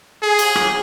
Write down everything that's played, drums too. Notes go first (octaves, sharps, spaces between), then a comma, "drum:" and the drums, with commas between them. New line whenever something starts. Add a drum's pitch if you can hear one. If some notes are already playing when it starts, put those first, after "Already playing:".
G#4
drum: cymbal
drum: rim click